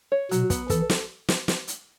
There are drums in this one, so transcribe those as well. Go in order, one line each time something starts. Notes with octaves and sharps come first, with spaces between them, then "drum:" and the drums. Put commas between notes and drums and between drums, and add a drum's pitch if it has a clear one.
C#5
B2 F#3, drum: hi-hat
B3, drum: kick, hi-hat
E3 A4, drum: kick, hi-hat
drum: snare
drum: snare
drum: snare
drum: hi-hat